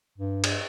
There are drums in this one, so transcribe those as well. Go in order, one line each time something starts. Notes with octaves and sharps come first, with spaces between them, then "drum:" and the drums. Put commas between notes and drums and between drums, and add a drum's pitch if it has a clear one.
G2
drum: cymbal